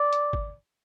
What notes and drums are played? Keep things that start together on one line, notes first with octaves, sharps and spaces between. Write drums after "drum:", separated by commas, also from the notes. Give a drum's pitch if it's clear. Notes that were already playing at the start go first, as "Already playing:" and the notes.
Already playing: D5
drum: hi-hat
drum: kick